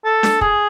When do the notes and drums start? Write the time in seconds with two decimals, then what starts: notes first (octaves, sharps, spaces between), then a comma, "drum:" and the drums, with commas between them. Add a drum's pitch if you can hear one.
0.04 A4
0.23 drum: snare D4
0.41 G#4, drum: kick